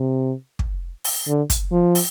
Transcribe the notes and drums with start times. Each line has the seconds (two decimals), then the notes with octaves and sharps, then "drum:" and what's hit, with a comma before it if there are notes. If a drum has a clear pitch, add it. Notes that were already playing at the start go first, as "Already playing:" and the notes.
Already playing: C3
0.59 drum: kick
1.04 drum: open hi-hat
1.27 D3
1.50 drum: kick, hi-hat
1.72 F3
1.95 drum: open hi-hat